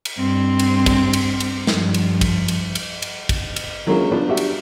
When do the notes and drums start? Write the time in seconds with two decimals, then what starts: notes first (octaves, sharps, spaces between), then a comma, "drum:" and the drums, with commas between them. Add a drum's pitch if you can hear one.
0.05 drum: cymbal
0.19 G2 C4
0.59 drum: cymbal
0.86 drum: kick, cymbal
1.13 drum: cymbal
1.40 drum: cymbal
1.67 G2 F3, drum: snare
1.94 drum: cymbal
2.21 drum: kick, cymbal
2.48 drum: cymbal
2.75 drum: cymbal
3.02 drum: cymbal
3.29 drum: kick, cymbal
3.56 drum: cymbal
3.87 E3 F#3 G#3 A#3 C#4 F4
4.12 B3 D4 F4 D5
4.28 D4 F#4 G4 E5
4.37 drum: cymbal